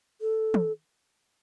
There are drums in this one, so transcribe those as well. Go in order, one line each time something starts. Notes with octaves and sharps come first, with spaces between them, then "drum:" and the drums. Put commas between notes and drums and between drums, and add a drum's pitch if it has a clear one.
A4
drum: tom